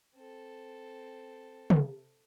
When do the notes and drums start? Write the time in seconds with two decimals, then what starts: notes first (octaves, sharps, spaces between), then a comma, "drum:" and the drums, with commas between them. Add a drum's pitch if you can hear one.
0.15 C4 A4
1.70 drum: tom